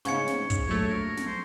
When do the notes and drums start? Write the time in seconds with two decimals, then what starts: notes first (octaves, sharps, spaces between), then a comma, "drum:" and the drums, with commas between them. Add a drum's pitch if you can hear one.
0.05 G#2 C#3 C#6 G#6 C#7, drum: snare
0.27 drum: snare
0.50 drum: kick, hi-hat
0.67 A#1 F#3 A3 C#5
0.89 A#4
1.17 drum: snare
1.27 C5